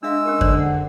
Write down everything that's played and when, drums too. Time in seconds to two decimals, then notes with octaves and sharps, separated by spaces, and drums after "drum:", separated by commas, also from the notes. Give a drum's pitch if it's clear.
0.03 G#3 D4 E5 F5 E6
0.25 C#4 G4 A#4
0.41 D3 C5 D5, drum: kick F2
0.56 G#4 F#5